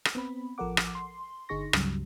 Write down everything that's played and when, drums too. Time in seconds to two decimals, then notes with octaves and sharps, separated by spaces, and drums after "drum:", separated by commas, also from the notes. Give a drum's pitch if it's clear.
0.05 drum: rim click
0.15 B3 C4 B5
0.58 A1 F3 A4 A#4 F#5 D6
0.77 drum: rim click
0.95 C6
1.49 G1 D3 D#4 G#4 C#6 A#6
1.73 C#2 G2 C#3 F#3 G3, drum: rim click